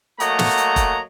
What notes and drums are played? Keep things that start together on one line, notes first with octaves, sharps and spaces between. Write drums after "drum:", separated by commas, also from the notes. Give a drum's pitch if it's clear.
F#3 A3 A#3 D#5 F#5 A#5, drum: hi-hat
drum: snare
drum: hi-hat
drum: kick F1, hi-hat